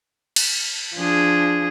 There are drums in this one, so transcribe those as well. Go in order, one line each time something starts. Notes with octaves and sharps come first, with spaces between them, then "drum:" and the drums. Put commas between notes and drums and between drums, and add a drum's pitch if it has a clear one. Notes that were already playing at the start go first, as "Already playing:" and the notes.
drum: cymbal
F3 D4 G#4